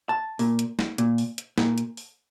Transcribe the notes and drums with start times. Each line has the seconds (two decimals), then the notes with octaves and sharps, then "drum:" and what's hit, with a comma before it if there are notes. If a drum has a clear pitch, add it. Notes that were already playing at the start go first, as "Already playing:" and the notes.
0.09 A5
0.39 A#2, drum: open hi-hat
0.59 drum: hi-hat
0.79 drum: snare
0.98 A#2, drum: hi-hat
1.18 drum: open hi-hat
1.38 drum: hi-hat
1.58 A#2, drum: snare
1.78 drum: hi-hat
1.97 drum: open hi-hat